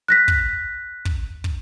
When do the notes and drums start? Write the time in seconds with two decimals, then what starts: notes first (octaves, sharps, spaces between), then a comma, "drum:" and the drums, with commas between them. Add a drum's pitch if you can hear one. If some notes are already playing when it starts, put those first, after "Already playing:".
0.08 F#6 A#6 B6
0.28 drum: kick
1.05 drum: kick
1.44 drum: kick